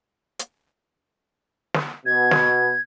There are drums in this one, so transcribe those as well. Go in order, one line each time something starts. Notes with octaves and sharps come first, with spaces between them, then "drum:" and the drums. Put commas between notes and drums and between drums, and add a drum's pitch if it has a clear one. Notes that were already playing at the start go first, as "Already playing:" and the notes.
drum: hi-hat
drum: snare
B2 G#6
drum: snare